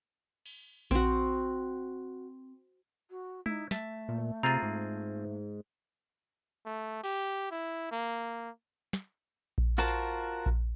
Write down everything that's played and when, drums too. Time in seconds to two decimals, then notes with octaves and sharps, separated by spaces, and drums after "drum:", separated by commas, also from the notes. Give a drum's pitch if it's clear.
0.46 drum: cymbal
0.91 C4 F#4, drum: kick A#1
3.09 F#4
3.46 D#4 E4, drum: tom G#3
3.71 A3 E5 A5, drum: snare
4.09 A#2
4.43 C3 C4 F4 G#4 A#5 A6
4.62 G#2
6.66 A3
7.04 G4, drum: cymbal
7.51 E4
7.91 A#3
8.93 drum: snare
9.58 drum: kick A#1
9.78 F4 F#4 A#4 C5 A5
9.88 drum: hi-hat
10.46 drum: kick A#1